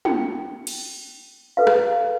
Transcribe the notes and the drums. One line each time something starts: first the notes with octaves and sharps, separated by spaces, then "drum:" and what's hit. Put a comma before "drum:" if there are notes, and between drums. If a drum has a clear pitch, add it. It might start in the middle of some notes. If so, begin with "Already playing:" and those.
G5, drum: tom
drum: cymbal
A4 B4 F5
drum: rim click